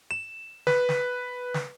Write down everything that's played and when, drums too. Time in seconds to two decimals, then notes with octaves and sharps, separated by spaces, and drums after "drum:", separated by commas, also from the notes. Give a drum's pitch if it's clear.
0.11 E7
0.67 B4, drum: snare
0.89 drum: snare
1.54 drum: snare